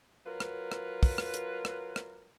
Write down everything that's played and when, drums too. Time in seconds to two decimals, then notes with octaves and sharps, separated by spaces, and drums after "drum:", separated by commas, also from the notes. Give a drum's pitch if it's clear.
0.25 F#3 F4 A#4 B4
0.40 drum: rim click
0.72 drum: rim click
1.03 drum: kick, open hi-hat
1.18 drum: rim click
1.34 drum: hi-hat
1.65 drum: rim click
1.96 drum: rim click